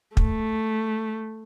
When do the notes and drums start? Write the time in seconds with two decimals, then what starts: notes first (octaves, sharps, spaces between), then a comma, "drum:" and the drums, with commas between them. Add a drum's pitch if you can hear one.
0.17 A3, drum: kick